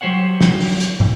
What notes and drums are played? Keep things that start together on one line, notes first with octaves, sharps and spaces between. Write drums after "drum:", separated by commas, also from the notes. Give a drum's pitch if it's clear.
F#3 G4 C5 C#5 F#5
drum: snare
drum: open hi-hat
drum: hi-hat
drum: tom